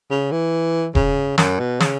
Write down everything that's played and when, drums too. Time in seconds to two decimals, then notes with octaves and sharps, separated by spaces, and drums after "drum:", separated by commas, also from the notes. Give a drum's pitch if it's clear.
0.10 C#3
0.32 E3
0.95 C#3, drum: kick E1
1.38 F#2, drum: snare
1.59 B2
1.80 C#3, drum: snare